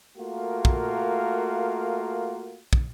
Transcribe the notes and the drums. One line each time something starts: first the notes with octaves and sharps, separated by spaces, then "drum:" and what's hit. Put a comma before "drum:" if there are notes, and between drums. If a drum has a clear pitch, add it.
A3 A#3 F4 F#4 A#4
drum: kick
drum: kick